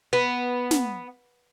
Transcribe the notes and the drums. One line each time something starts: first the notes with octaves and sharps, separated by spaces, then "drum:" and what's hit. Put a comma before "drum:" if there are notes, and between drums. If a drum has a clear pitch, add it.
B3
drum: snare